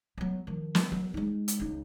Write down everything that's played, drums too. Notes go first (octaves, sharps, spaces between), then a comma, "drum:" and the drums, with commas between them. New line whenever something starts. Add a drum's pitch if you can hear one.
F#3 B3
D#3 F3
drum: snare
F#3
G#3 D#4
drum: hi-hat
C#2 D#4